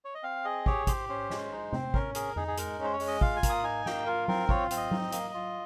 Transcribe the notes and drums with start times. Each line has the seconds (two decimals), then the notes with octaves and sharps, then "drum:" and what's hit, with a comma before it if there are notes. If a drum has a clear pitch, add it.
0.05 C#5
0.15 D#5
0.23 C4 F5
0.45 G#4 D#5
0.66 G4 C#5, drum: kick
0.87 G4 C5, drum: kick, hi-hat
1.09 C#4 C5
1.30 G#3, drum: snare
1.52 D#4
1.73 C4, drum: tom C3
1.94 C#4 A#4, drum: kick
2.15 G#4 A#4, drum: hi-hat
2.36 D#4 G#4, drum: tom F2
2.48 G#4
2.57 G#3 A#4, drum: hi-hat
2.79 C#4
2.84 C5
2.93 C#5
3.00 G#3, drum: open hi-hat
3.08 D#5
3.21 F4 F5, drum: kick
3.36 G#5
3.43 A#3, drum: kick, hi-hat
3.50 D#6
3.64 D#4 G#5
3.86 A#3 G5, drum: snare
4.06 F4 A#4
4.28 C4 A#4, drum: tom F#3
4.49 F4 C#5, drum: kick
4.71 C4, drum: hi-hat
4.77 D#5
4.91 D#4, drum: tom F#3
5.12 A#3, drum: hi-hat
5.34 F4